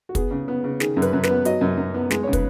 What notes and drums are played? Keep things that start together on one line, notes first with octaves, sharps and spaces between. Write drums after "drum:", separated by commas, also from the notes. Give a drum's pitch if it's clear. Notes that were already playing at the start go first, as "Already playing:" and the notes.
F#4
B3 G#4, drum: kick, hi-hat
C#3
B3
C#3
D#3 G#4, drum: snare
F#2
B4, drum: hi-hat
F#2
B4, drum: snare
B3
F#3 D#5, drum: hi-hat
F#2
F#2
B3
G#3 G#4, drum: snare
C#5
C#3
B4, drum: kick, hi-hat